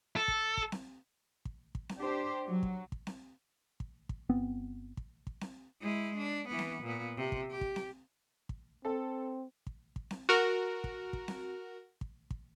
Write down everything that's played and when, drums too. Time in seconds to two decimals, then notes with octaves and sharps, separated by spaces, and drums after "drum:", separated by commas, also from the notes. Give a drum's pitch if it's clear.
0.16 A4
0.28 drum: kick
0.57 drum: kick
0.72 drum: snare C4
1.45 drum: kick
1.75 drum: kick
1.89 drum: snare C4
1.99 D4 G4 C5
2.48 F#3
2.63 drum: kick
2.92 drum: kick
3.07 drum: snare C4
3.80 drum: kick
4.09 drum: kick
4.29 G1 B3 C4
4.97 drum: kick
5.27 drum: kick
5.41 drum: snare C4
5.81 G#3 E4
6.18 D4
6.48 E3 B3
6.59 drum: snare C4
6.83 A#2 B3
7.17 C3
7.32 drum: kick
7.52 G4
7.61 drum: kick
7.76 drum: snare C4
8.49 drum: kick
8.85 C4 A4
9.67 drum: kick
9.96 drum: kick
10.11 drum: snare C4
10.29 F#4 A#4
10.84 drum: kick
11.13 drum: kick
11.28 drum: snare C4
12.01 drum: kick
12.30 drum: kick